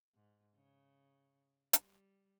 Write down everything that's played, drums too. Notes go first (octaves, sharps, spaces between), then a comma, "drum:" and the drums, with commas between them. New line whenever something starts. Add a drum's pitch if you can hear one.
G#2
C#3
G3, drum: hi-hat